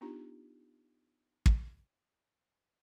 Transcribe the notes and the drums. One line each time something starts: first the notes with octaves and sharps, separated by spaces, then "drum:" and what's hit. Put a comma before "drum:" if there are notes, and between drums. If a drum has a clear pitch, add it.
B3 D4 D#4 F4 G4 A#5
drum: kick